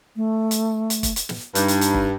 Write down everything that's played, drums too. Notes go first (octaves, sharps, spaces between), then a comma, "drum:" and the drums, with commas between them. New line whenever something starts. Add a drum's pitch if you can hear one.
A3
drum: hi-hat
drum: hi-hat
drum: kick, hi-hat
drum: hi-hat
drum: snare
G2 D#4, drum: hi-hat
drum: hi-hat
drum: hi-hat
drum: kick